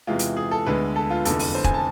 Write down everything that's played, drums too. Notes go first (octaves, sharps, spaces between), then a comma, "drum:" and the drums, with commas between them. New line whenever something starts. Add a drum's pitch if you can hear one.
E2 C3 E3 G#3 F4
drum: hi-hat
G#4
A4
D2 D3 G#3 B3 B4
A4
F4
F1 E2 D3 A4, drum: hi-hat
drum: open hi-hat
C5
G#5, drum: kick E1
A5